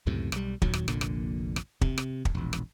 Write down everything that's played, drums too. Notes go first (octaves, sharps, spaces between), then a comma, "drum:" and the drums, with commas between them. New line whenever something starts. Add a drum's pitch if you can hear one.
C#2 F#2 A2 C3
B1 G3, drum: rim click
D#2 A#2 D#3 F#3, drum: kick
drum: rim click
F1 A#1 A#2 D3, drum: rim click
drum: rim click
drum: rim click
C3, drum: kick
drum: rim click
drum: kick
E1 A#1
drum: rim click